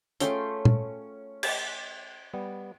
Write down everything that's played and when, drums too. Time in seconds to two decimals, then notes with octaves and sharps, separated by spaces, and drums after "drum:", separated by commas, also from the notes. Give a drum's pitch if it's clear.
0.20 A3 C#4 F4 G#4 A4 G5 C6, drum: hi-hat
0.65 drum: tom
1.43 drum: cymbal
2.34 G3 B3